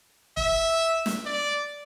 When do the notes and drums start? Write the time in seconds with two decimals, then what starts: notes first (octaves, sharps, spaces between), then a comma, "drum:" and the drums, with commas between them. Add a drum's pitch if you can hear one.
0.37 E5, drum: kick
1.06 drum: snare
1.25 D5